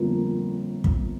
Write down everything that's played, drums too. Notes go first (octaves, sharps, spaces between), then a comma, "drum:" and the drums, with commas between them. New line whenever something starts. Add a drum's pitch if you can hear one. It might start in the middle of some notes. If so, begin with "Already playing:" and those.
Already playing: G1 F2 F3 A#3
drum: kick